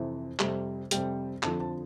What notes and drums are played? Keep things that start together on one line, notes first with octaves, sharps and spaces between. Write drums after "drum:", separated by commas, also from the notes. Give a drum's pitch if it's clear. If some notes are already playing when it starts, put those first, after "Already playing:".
Already playing: F2 C3 E3
F2 C3 G3, drum: clap
F2 C3 G3 G5, drum: hi-hat
F2 D3 F3 A5, drum: clap
A5